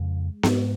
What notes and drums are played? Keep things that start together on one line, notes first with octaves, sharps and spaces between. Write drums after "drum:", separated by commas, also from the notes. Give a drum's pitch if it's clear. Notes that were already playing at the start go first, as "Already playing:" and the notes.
Already playing: F2 C#3 G#3
G#2, drum: snare B3